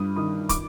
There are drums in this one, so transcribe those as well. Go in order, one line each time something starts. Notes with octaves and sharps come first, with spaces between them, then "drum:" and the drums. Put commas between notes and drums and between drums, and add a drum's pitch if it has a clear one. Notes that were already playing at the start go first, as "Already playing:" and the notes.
Already playing: G2 D#6
D#3 D#6
D6, drum: kick, hi-hat